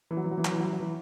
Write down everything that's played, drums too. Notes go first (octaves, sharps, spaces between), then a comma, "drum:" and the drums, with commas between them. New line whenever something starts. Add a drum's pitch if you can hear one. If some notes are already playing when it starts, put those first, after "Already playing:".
E3
F#3
E3
F#3
E3
F#3, drum: clap
E3
F#3
E3
F#3
E3